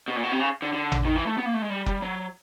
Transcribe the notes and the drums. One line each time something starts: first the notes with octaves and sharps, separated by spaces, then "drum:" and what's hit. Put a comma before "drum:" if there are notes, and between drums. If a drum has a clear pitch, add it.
B2
A#2
B2
C3
C#3
D3
D3
drum: tom A1
D#3
E3
A3
B3
A#3
A3
G#3
G3
G3, drum: kick F#1
F#3